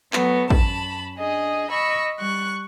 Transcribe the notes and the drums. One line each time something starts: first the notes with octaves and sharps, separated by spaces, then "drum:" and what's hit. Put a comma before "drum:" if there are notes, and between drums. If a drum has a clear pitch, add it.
F#3 A3 B3, drum: clap
F#2 A5 B5, drum: kick
D4 G#4 D#5
D#5 B5 C#6 E6
G3 C#6 F#6